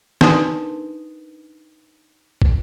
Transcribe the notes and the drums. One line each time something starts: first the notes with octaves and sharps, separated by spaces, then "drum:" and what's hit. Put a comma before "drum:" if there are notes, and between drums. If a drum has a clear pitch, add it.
D4 D#4 A#4 B4 C6 D#6, drum: snare
drum: kick